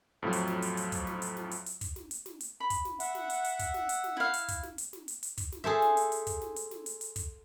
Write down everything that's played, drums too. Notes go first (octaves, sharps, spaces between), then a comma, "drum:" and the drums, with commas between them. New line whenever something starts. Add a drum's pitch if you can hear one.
F2 A2 F3 F#3
drum: hi-hat
drum: snare
drum: hi-hat
drum: hi-hat
drum: kick, hi-hat
drum: snare
drum: hi-hat
drum: snare
drum: hi-hat
drum: hi-hat
drum: kick, hi-hat
drum: snare
drum: hi-hat
drum: snare
drum: hi-hat
B5
drum: kick, hi-hat
drum: snare
E5 F#5, drum: hi-hat
drum: snare
drum: hi-hat
drum: hi-hat
drum: kick, hi-hat
drum: snare
drum: hi-hat
drum: snare
E4 F5
drum: hi-hat
drum: kick, hi-hat
drum: snare
drum: hi-hat
drum: snare
drum: hi-hat
drum: hi-hat
drum: kick, hi-hat
drum: snare
G#4 A4 C5 E5
drum: snare
drum: hi-hat
drum: hi-hat
drum: kick, hi-hat
drum: snare
drum: hi-hat
drum: snare
drum: hi-hat
drum: hi-hat
drum: kick, hi-hat